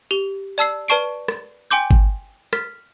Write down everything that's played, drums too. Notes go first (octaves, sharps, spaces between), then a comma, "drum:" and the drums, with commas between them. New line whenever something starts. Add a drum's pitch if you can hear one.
G4 F7 G7
D5 A5 E6 C7
B4 D5 A5 C#6 C7 D7
drum: rim click
G5 G#5 C6 D6 G6
drum: kick G#1
F6 B6, drum: rim click